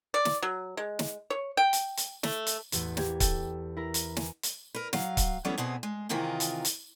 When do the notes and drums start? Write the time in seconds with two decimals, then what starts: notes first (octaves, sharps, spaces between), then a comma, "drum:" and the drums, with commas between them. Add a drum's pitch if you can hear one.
0.14 D5
0.25 drum: snare
0.43 F#3
0.77 G#3
0.99 drum: snare
1.30 C#5
1.57 G5
1.73 drum: hi-hat
1.97 drum: hi-hat
2.23 A3, drum: snare
2.47 drum: hi-hat
2.72 A1 E2, drum: hi-hat
2.97 A#3 G4 G#6, drum: snare
3.20 A4 G5, drum: kick C#1, hi-hat
3.77 E4 A#4 A#5
3.94 drum: hi-hat
4.17 G#5, drum: snare
4.43 drum: hi-hat
4.75 A#4 B4
4.93 F#3 F5, drum: snare
5.17 drum: kick C#1, hi-hat
5.45 E3 F#3 G3 A3 B3 C#4
5.58 B2 B3 C4 G#4
5.83 G#3
6.09 C3 D#3 E3 F4 G#4 A#4
6.40 drum: hi-hat
6.65 drum: hi-hat